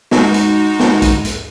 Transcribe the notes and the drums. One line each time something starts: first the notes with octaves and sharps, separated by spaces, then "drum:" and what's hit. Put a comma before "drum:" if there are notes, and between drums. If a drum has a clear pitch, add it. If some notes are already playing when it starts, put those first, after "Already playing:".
G#3 D#4 F#4, drum: snare
drum: hi-hat
drum: snare
drum: kick A#1, hi-hat
drum: hi-hat